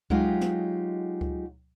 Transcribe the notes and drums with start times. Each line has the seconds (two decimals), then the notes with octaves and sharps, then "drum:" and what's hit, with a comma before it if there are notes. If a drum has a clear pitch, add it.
0.10 F#3 G#3 D#4 F4 G4, drum: kick C#2
0.41 drum: snare
1.21 drum: kick C#2